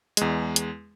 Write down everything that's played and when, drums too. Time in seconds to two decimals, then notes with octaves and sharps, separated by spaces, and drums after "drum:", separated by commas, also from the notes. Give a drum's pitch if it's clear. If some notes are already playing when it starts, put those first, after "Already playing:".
0.17 E2 G#3, drum: hi-hat
0.56 drum: hi-hat